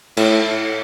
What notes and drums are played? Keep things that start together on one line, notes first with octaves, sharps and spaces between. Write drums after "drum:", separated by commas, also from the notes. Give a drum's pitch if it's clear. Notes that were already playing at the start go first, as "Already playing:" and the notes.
A2, drum: cymbal